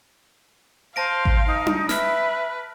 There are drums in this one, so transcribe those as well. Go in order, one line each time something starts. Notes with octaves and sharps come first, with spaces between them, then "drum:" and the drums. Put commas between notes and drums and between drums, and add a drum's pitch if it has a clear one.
C5 F5 A5 A#6 D7
drum: kick G#1
D#4
drum: tom D4
B4 E5 F6, drum: snare